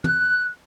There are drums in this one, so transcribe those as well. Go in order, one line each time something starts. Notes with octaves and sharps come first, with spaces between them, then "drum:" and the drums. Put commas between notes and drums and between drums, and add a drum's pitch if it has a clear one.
F#6, drum: tom